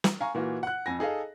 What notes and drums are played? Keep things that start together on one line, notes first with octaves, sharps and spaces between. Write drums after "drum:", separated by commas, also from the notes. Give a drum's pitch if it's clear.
drum: snare
F5 G#5 A#5 C#6
A#2 E3 F4 F#4
F#5 F#6
F2 G#5 A#6
D#4 G#4 A4 D#5 F5